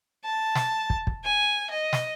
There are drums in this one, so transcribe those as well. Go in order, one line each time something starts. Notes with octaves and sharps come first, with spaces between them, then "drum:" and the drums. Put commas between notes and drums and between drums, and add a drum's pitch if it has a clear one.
A5
drum: snare
drum: kick
drum: kick
G#5
D#5
drum: snare